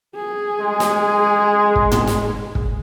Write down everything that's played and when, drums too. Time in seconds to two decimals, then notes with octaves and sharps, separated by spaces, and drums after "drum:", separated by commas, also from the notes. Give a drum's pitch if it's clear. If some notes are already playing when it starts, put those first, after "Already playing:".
0.17 G#4
0.61 G#3
0.80 drum: snare
1.76 drum: kick
1.91 drum: tom
2.07 drum: snare
2.55 drum: kick